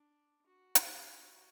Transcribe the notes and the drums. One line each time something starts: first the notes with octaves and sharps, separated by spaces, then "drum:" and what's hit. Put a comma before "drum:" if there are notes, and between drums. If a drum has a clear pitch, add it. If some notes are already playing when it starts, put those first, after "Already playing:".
Already playing: D4
F#4
G4, drum: hi-hat
F#4